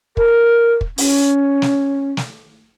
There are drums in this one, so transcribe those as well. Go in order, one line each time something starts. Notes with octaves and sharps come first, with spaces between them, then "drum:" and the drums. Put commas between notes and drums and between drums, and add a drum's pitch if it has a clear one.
A#4, drum: kick
drum: kick
C#4, drum: open hi-hat
drum: snare
drum: snare